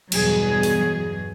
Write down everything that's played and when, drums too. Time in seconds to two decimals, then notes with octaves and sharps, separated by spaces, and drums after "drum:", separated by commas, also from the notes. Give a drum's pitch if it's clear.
0.12 E2 G2 B2 F#3 G#4, drum: cymbal
0.63 drum: open hi-hat